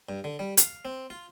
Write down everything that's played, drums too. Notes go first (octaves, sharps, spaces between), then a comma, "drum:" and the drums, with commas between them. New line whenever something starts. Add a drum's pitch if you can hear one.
G2
D3
G3
F5, drum: hi-hat
C4
F4